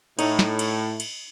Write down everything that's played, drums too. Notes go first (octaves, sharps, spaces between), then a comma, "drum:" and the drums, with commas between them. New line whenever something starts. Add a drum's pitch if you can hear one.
A2 D#4, drum: cymbal
drum: snare
drum: cymbal
drum: cymbal